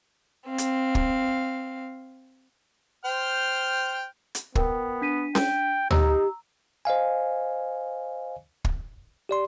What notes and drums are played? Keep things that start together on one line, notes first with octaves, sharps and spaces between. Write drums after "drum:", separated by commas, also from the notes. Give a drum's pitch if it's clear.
C4 F5
drum: hi-hat
drum: kick
C5 G5 F6
drum: hi-hat
B3 A#4 G5, drum: kick
D4 B6 D#7
G5, drum: snare C#4
D#4 G4 A#5 E6, drum: tom
C5 D#5 F5 G#5
drum: kick
G4 D5 C6